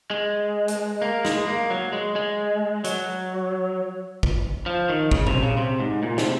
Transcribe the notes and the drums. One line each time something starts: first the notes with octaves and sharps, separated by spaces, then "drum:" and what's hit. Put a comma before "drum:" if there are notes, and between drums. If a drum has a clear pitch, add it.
G#3
drum: hi-hat
A#3
G#3, drum: snare
A#3
F#3
G#3
G#3
F#3, drum: hi-hat
drum: kick
F3
D#3
C#3, drum: kick
C3, drum: tom A#2
C#3
C3
G#2
A#2
C3, drum: snare